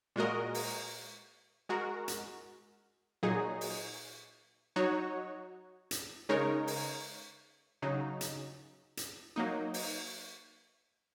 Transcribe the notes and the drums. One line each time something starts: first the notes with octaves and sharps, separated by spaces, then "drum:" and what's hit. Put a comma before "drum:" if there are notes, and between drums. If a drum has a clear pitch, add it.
A#2 G#3 F#4 A#4 D#5
drum: open hi-hat
G#3 F#4 A#4
drum: hi-hat
A#2 F#3 D#4 G#4
drum: open hi-hat
F#3 D#4 F#4 C#5
drum: hi-hat
C#3 G#3 D#4 A#4 C#5
drum: open hi-hat
C#3 F#3 D#4
drum: hi-hat
drum: hi-hat
F#3 A#3 D#4
drum: open hi-hat